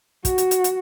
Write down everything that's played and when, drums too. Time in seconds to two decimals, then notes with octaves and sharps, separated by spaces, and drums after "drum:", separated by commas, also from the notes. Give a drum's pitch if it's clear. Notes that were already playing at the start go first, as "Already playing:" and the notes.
0.25 F#4, drum: kick, hi-hat
0.38 drum: hi-hat
0.51 drum: hi-hat
0.64 drum: hi-hat